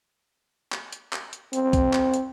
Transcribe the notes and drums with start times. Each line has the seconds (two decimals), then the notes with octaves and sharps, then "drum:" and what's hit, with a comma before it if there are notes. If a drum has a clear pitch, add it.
0.72 drum: clap
0.92 drum: hi-hat
1.13 drum: clap
1.33 drum: hi-hat
1.53 C4, drum: hi-hat
1.73 drum: kick, hi-hat
1.93 drum: clap
2.14 drum: hi-hat